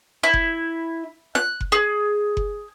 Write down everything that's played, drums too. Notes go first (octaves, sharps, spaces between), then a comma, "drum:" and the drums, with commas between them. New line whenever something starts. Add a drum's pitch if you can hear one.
E4
drum: kick F#1
F#6, drum: snare
drum: kick F#1
G#4
drum: kick F#1